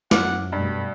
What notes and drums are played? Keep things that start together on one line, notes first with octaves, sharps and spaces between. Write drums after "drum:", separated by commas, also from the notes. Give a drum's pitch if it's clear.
F#2 F#5 D6 F6, drum: snare
G2 B2 G3 A3 B5